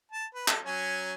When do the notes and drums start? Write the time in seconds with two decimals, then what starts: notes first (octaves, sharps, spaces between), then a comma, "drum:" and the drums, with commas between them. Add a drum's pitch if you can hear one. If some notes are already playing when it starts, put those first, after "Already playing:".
0.12 A5
0.35 B4
0.48 A4, drum: clap
0.65 F#3 C#4 G#5